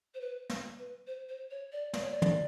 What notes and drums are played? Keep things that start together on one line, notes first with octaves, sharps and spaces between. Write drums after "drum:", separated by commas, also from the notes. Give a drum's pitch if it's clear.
C5
B4
drum: snare
B4
C5
C5
C#5
D5
D5, drum: snare
C#5
D5
drum: tom